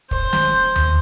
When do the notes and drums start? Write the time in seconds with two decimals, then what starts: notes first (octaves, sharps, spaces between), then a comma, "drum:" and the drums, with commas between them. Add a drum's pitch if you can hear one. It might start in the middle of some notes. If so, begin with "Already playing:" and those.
0.11 C5, drum: kick
0.33 drum: snare
0.76 drum: tom D#2